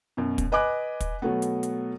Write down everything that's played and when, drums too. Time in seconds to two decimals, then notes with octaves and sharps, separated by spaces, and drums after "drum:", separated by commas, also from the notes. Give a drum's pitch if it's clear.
0.17 F#2 B2
0.38 drum: kick, hi-hat
0.52 B4 D#5 G#5 B5 D6 F#6
1.00 drum: kick, hi-hat
1.22 B2 F#3 A3 B3
1.42 drum: hi-hat
1.63 drum: hi-hat